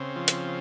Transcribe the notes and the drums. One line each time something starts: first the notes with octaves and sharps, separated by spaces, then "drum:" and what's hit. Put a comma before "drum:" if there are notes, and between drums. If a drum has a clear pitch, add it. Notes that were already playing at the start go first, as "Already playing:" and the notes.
Already playing: C#3 C4
F3
drum: hi-hat